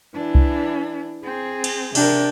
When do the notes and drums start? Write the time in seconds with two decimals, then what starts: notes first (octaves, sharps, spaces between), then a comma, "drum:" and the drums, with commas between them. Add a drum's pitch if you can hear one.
0.14 E3 D4
0.35 drum: kick C2
1.24 C4 G#4
1.64 drum: cymbal
1.95 C3 D4 A#4 G5, drum: cymbal